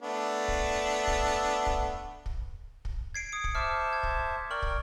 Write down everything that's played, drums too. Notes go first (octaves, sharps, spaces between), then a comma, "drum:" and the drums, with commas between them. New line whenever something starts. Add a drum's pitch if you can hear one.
A3 B3 D4
drum: kick
drum: kick
drum: kick
drum: kick
drum: kick
G#6 C7 D7
D#6 C#7 D7
drum: kick
C5 E5 A5 D6 F6 C7
G#6
drum: kick
A#4 D5 G5 C#6 F6 F#7
drum: kick